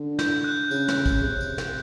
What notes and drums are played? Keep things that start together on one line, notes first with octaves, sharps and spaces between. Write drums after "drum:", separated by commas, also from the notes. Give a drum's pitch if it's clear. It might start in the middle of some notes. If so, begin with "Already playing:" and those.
Already playing: D3
G6, drum: snare
F#6
C#3, drum: tambourine
drum: snare
drum: kick, tambourine
C3
drum: tambourine
drum: snare